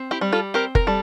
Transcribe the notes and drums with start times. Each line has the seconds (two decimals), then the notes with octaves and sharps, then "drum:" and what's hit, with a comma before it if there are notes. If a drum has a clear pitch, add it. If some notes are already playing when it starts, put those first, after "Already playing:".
Already playing: C4
0.11 E4 G4
0.21 G3
0.32 F4 A4
0.54 C4 G4 A#4
0.75 A#4, drum: kick F#1
0.87 G3 A4